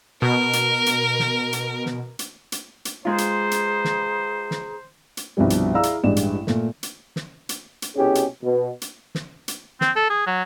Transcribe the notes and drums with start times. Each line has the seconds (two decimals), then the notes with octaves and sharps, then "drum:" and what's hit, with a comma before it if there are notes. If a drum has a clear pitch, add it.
0.22 B2 A#4
0.53 drum: hi-hat
0.86 drum: hi-hat
1.20 drum: snare
1.53 drum: hi-hat
1.86 drum: snare
2.19 drum: hi-hat
2.52 drum: hi-hat
2.85 drum: hi-hat
3.05 G#3 F4 G#4 B4 C5 A#5
3.18 drum: hi-hat
3.51 drum: hi-hat
3.85 drum: snare
4.51 drum: snare
5.17 drum: hi-hat
5.37 C2 G2 B2 F3 G3
5.50 drum: hi-hat
5.74 E4 G#4 D5 F5 A#5 E6
5.83 drum: hi-hat
6.04 A1 G2 G#3 D5 E7
6.16 drum: hi-hat
6.47 A#2 A3, drum: snare
6.83 drum: hi-hat
7.16 drum: snare
7.49 drum: hi-hat
7.82 drum: hi-hat
7.96 C2 B2 C#4 E4 G4 G#4
8.15 drum: hi-hat
8.43 B2
8.82 drum: hi-hat
9.15 drum: snare
9.48 drum: hi-hat
9.81 C4, drum: snare
9.96 A4
10.10 G#4
10.27 F#3